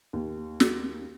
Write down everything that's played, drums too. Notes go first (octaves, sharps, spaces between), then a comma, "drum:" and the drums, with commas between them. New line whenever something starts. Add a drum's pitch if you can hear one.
D#2
drum: snare